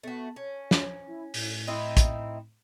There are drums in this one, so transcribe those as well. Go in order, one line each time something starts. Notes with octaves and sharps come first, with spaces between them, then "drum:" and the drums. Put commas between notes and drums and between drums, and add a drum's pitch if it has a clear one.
A3 B3 F#4
C#4 C#5
drum: snare
E4
A2, drum: open hi-hat
C4 D#4 E4
drum: kick, hi-hat